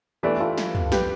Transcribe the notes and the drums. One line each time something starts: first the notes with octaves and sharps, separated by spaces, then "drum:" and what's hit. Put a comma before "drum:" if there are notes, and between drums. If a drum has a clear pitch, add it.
E3 A3 D4 G4 B4
F4 A4
drum: snare
drum: tom
G4 B4, drum: snare